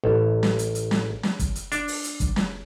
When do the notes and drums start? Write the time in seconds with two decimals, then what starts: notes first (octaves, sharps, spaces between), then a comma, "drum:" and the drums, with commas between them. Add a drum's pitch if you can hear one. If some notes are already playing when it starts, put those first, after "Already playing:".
0.04 A1
0.43 drum: snare
0.59 drum: hi-hat
0.75 drum: hi-hat
0.91 drum: snare
1.23 drum: snare
1.39 drum: kick, hi-hat
1.56 drum: hi-hat
1.72 D4, drum: hi-hat
1.88 drum: open hi-hat
2.04 drum: hi-hat
2.20 drum: kick, hi-hat
2.36 drum: snare